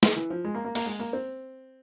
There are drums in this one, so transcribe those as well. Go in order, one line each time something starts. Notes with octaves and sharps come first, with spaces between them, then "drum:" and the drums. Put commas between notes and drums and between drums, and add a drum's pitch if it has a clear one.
E3, drum: snare
E3
F3
G#3
A#3
A#3
A#3, drum: open hi-hat
G#3
A#3
C4